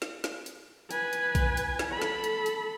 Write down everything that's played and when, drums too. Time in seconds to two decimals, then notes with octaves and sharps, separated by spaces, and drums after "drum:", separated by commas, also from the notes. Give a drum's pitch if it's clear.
0.02 drum: snare
0.24 drum: snare
0.46 drum: hi-hat
0.91 B4 G#5, drum: hi-hat
1.13 drum: hi-hat
1.35 drum: kick A#1, hi-hat
1.57 drum: hi-hat
1.79 drum: snare
1.92 A4 B5
2.02 drum: snare
2.24 drum: hi-hat
2.46 drum: hi-hat